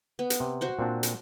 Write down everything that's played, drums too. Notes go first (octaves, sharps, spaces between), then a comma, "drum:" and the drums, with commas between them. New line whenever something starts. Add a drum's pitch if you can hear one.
B3
drum: hi-hat
C3
F#4 C5 F#5
A#2 C4 D4
drum: hi-hat